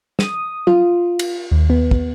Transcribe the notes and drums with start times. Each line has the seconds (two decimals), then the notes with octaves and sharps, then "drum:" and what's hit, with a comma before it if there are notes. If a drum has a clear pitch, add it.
0.19 D#6, drum: snare
0.67 F4, drum: tom F#3
1.19 drum: cymbal
1.52 D#2
1.70 B3
1.91 drum: kick